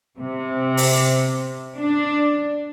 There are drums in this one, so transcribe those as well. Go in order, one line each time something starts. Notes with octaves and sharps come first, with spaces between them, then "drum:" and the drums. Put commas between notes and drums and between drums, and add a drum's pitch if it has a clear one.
C3
drum: open hi-hat
D4